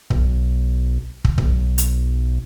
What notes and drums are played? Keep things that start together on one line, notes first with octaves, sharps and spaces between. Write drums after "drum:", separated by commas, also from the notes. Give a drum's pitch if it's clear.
B1, drum: kick
drum: kick
B1, drum: kick
drum: hi-hat